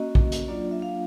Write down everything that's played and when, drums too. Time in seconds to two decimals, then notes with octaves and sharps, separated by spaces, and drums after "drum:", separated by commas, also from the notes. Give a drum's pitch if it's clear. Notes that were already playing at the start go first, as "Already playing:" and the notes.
Already playing: A#3 C#4 F#4 D#5
0.15 drum: kick A#1
0.32 drum: hi-hat
0.48 F#3 A#3 D4 F4 D5
0.71 E5
0.82 F5